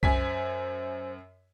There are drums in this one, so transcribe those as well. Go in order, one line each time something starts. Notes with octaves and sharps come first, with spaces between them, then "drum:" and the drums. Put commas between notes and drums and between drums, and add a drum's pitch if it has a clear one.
F#2 C5 G#5 B6, drum: kick C2